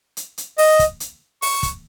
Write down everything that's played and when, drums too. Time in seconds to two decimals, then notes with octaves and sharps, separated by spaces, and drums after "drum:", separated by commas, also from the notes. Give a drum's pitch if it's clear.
0.17 drum: hi-hat
0.38 drum: hi-hat
0.58 D#5, drum: open hi-hat
0.79 drum: kick, hi-hat
1.00 drum: hi-hat
1.42 C#6, drum: open hi-hat
1.63 drum: kick, hi-hat